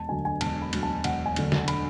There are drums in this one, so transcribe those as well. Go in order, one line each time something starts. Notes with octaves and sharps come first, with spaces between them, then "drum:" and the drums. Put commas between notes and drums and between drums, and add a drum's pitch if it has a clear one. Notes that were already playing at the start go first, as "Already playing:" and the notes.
Already playing: E1 A5
D2 D3 F#3 G#5
G#5
E1 A5, drum: cymbal
B5
D2 D3 F#3, drum: cymbal
A5
E1 F#5, drum: cymbal
G#5
D2 D3 F#3, drum: cymbal
drum: snare
B5, drum: cymbal